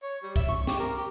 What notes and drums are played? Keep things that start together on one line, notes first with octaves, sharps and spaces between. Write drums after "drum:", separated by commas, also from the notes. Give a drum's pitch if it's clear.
C#5
G3
E5, drum: kick C2
C#6, drum: tom G2
G4, drum: snare
A#4
G4